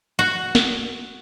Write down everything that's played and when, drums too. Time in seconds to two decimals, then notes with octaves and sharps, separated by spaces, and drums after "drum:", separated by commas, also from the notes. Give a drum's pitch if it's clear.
0.19 F#4
0.55 drum: snare